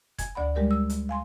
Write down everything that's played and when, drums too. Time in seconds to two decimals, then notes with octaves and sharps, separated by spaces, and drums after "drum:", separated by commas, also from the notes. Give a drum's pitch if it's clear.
0.18 G#5 G#6, drum: kick F1, hi-hat
0.35 D2 D5 F#5 B5
0.55 G3 G#3 G4 A#4 D5
0.71 E6
0.90 drum: hi-hat
1.09 F5 G#5 C6